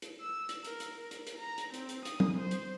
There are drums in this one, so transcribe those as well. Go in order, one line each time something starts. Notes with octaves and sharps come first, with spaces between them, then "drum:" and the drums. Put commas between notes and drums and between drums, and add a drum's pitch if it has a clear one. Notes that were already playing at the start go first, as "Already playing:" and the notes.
drum: hi-hat
E6
drum: hi-hat
A#4, drum: hi-hat
drum: hi-hat
A#4
drum: hi-hat
drum: hi-hat
A#5
drum: hi-hat
C4, drum: hi-hat
drum: hi-hat
D#6, drum: hi-hat
drum: tom F#3
C5
drum: hi-hat